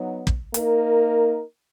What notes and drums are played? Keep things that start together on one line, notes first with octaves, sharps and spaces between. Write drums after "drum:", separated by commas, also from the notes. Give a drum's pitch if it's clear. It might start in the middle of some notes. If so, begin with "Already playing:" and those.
Already playing: F#3 B3 D#4
drum: kick
A#3 D#4 A#4, drum: hi-hat